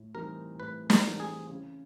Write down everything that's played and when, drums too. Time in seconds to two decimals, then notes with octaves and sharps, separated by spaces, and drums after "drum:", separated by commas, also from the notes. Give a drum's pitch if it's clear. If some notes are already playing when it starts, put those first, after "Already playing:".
Already playing: A2
0.14 E3 G3 C4 D#4 A#4
0.60 A2 B4
0.90 A#4, drum: snare
1.04 E3 G3 C4 D#4
1.20 G#4
1.49 C#3